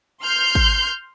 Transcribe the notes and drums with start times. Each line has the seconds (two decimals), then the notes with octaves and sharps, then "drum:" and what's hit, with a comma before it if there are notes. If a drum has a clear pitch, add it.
0.23 C6 F6 G6 C7
0.55 drum: kick G#1